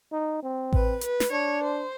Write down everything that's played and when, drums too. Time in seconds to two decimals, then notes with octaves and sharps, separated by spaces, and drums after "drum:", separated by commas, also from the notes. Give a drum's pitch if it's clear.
0.12 D#4
0.43 C4
0.73 B4, drum: kick A1
1.01 B4, drum: hi-hat
1.20 drum: snare
1.31 D4 C#5
1.60 C5